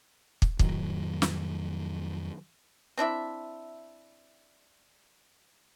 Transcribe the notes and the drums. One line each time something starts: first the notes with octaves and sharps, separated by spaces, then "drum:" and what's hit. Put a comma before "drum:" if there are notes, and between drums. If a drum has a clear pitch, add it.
drum: kick
F2 A2 D#3 F#3, drum: kick
drum: snare
C4 D4 E4 E5